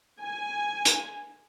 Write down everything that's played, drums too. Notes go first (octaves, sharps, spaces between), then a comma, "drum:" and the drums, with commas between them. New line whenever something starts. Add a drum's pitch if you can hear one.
G#5
drum: hi-hat